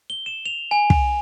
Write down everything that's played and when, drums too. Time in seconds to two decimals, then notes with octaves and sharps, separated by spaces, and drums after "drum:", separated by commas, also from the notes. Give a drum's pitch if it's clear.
0.10 G7
0.26 E7
0.46 F7
0.71 G#5
0.90 drum: kick